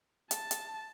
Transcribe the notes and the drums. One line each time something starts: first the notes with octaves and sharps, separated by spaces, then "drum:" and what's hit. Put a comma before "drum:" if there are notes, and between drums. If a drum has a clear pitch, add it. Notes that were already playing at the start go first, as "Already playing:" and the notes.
A5, drum: hi-hat
drum: hi-hat